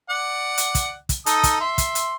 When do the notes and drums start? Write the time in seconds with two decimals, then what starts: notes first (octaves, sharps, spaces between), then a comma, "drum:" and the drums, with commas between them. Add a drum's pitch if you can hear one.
0.10 D5 F#5
0.58 drum: hi-hat
0.75 drum: kick, hi-hat
1.09 drum: kick, hi-hat
1.26 D#4 A4 D#6, drum: hi-hat
1.43 drum: kick, hi-hat
1.61 E5 C6
1.78 drum: kick, hi-hat
1.95 drum: hi-hat